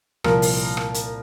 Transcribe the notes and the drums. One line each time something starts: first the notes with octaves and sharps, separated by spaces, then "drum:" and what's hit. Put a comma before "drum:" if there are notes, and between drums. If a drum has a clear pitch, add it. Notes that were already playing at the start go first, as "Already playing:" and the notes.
C2 A#2 F3 A#4, drum: rim click
drum: open hi-hat
drum: rim click
drum: hi-hat